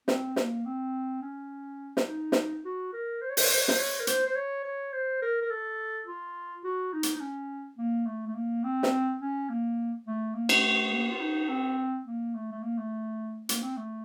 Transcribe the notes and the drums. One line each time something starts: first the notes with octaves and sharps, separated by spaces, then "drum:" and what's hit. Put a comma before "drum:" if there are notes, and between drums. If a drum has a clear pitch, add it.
C4, drum: snare
A#3, drum: snare
C4
C#4
drum: snare
D#4
drum: snare
F#4
A#4
C5
C#5
C5, drum: open hi-hat
C#5
C5
C#5
C5, drum: snare
C#5
A#4
C5, drum: hi-hat
C5
C#5
C#5
C5
A#4
A#4
A4
F4
F#4
D#4
drum: hi-hat
D#4
C#4
A#3
A3
A3
A#3
C4
drum: snare
C#4
A#3
A3
A#3
A3, drum: cymbal
A#3
F4
D#4
C4
A#3
A3
A3
A#3
A3
A#3, drum: hi-hat
C4
A3